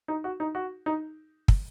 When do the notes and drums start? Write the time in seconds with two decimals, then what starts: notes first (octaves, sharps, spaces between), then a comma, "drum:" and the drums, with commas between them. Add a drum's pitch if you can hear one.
0.08 D#4
0.24 F#4
0.40 D#4
0.55 F#4
0.86 D#4
1.48 drum: kick